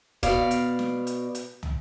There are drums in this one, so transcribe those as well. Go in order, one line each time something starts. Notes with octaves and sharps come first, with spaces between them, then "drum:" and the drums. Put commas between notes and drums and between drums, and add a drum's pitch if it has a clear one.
B2 D5 F5, drum: kick, hi-hat
drum: hi-hat
drum: snare
drum: hi-hat
drum: hi-hat
drum: tom